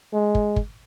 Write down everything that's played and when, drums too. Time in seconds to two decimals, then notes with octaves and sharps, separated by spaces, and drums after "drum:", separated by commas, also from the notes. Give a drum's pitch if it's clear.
0.13 G#3
0.35 drum: kick
0.56 drum: kick